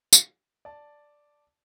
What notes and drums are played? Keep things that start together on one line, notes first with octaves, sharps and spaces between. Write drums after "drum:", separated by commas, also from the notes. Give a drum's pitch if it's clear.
drum: tambourine
D5 A5